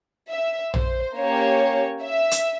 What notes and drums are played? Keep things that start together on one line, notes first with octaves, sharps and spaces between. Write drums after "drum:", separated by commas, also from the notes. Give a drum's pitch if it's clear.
E5
C5, drum: tom A#1
A#3 C#4 G4 C#5
E5
drum: hi-hat